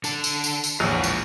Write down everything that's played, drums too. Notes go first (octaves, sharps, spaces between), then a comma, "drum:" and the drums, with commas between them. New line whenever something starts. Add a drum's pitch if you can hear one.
D3 A5, drum: tambourine
drum: tambourine
drum: tambourine
drum: tambourine
A#1 E2 F4 C#5
drum: tambourine